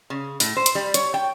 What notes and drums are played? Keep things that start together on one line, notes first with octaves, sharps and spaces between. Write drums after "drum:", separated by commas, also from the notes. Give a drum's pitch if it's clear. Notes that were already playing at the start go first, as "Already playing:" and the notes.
C#3
A2, drum: open hi-hat
C5
drum: hi-hat
G3
C#5, drum: hi-hat
G5